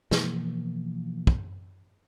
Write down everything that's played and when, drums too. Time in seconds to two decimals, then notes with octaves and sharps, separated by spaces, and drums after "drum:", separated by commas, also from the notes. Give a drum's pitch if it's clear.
0.11 B2 E3 F3 A#3, drum: snare
1.27 drum: kick